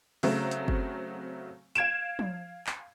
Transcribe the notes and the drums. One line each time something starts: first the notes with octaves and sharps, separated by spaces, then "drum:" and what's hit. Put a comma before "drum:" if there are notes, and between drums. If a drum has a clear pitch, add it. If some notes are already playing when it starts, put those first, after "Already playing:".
C#3 F#3 A3 C4, drum: open hi-hat
drum: hi-hat
drum: kick F#1
F5 G#6 D7 E7, drum: hi-hat
drum: tom F3
drum: clap